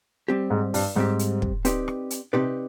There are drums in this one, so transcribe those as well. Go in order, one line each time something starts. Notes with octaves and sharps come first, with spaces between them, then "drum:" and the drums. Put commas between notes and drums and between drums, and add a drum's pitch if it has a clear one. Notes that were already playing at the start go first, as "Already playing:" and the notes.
G3 C4 G4
G#2
G2, drum: open hi-hat
G#2 G3 C4 G4
drum: hi-hat
drum: kick
C4 D#4 G4 B4 D5, drum: hi-hat
drum: rim click
drum: hi-hat
C3 C4 D#4 G4 B4 D5